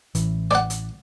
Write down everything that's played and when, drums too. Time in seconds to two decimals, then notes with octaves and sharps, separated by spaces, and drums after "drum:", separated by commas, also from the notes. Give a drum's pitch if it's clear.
0.15 A1 E3, drum: hi-hat
0.51 D5 F#5, drum: rim click
0.70 drum: hi-hat